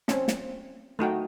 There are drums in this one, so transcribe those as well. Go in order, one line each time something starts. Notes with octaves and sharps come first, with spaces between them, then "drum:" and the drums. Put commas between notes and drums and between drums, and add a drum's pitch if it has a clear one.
C4 C#4, drum: snare
drum: snare
A3 D#4 F#4 G5